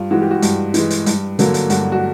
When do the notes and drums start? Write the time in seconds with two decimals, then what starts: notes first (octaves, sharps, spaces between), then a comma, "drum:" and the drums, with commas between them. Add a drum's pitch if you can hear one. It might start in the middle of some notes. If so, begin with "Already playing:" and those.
Already playing: G2 F4
0.11 E3 G#3 F#4
0.22 G4
0.31 F#4
0.42 G2, drum: hi-hat
0.74 E3 G#3, drum: hi-hat
0.90 drum: hi-hat
1.06 G2, drum: hi-hat
1.39 D3 F#3 A#3, drum: hi-hat
1.54 drum: hi-hat
1.70 G2 F#4, drum: hi-hat
1.92 F#4